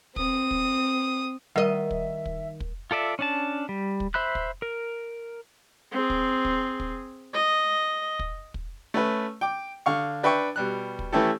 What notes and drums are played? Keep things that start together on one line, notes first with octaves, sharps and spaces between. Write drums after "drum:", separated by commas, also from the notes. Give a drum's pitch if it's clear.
C4 D#6, drum: kick
drum: kick
D#3 G3 A#4 D#5 E5 F#5
drum: kick
drum: kick
drum: kick
F4 A4 D5 E5
C#4 D4 A5
G3
drum: kick
C5 E5 B5 F#6
drum: kick
A#4
C4 G#4
drum: kick
drum: kick
drum: kick
D#5
drum: kick
drum: kick
A3 C#4 B4
G5 D6
D3 F5 C#6
D4 B4 E5 G5 C#6
B2 G3 F#6
drum: kick
E3 A3 C#4 E4 G4 A4